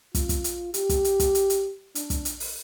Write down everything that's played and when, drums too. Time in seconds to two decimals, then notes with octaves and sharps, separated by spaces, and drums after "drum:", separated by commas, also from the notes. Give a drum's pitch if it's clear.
0.15 F4, drum: kick, hi-hat
0.29 drum: kick, hi-hat
0.44 drum: hi-hat
0.74 G4, drum: hi-hat
0.89 drum: kick, hi-hat
1.04 drum: hi-hat
1.20 drum: kick, hi-hat
1.35 drum: hi-hat
1.50 drum: hi-hat
1.95 D4, drum: hi-hat
2.10 drum: kick, hi-hat
2.25 drum: hi-hat
2.40 drum: open hi-hat